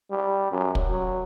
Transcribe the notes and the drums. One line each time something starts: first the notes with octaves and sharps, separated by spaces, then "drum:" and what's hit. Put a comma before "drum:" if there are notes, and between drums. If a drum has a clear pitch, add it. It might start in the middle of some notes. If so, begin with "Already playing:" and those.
G3
F#2
drum: kick
F#3